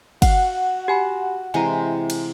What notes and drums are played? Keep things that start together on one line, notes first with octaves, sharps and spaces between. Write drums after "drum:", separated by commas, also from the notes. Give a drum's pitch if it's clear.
F#4 F5 F#5, drum: kick, cymbal
G4 G#5 B5
C3 E3 G#3 G#5 A#5
drum: cymbal